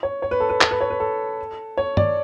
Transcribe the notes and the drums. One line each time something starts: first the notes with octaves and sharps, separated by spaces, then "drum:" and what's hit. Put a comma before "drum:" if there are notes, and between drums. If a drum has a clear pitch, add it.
C#5
C#5
B4
A4
B4
A4, drum: clap
B4
C#5
B4
A4
C#5
D5, drum: tom